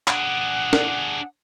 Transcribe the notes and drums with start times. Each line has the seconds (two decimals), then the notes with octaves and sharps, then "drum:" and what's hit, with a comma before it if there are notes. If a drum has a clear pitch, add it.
0.08 D4 G#4 F#5, drum: clap
0.73 drum: snare